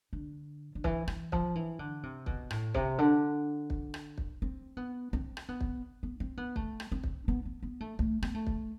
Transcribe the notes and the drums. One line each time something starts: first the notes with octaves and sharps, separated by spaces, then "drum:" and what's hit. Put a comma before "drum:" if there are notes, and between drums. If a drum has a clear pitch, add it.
D3
D3
E3, drum: kick
E3, drum: rim click
F3, drum: kick
E3
D3
C3
B2, drum: kick
A2, drum: rim click
C3, drum: kick
D3
drum: kick
drum: rim click
drum: kick
C4
B3
C4, drum: kick
drum: rim click
B3
drum: kick
B3
C4
B3
A3, drum: kick
drum: rim click
C4
drum: kick
B3
B3
B3
A3
A3, drum: kick
B3, drum: rim click
A3
drum: kick